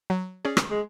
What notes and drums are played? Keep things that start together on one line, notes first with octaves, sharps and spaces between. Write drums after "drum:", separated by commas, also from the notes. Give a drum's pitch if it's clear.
F#3
C#4 G#4 D5
drum: rim click
G#3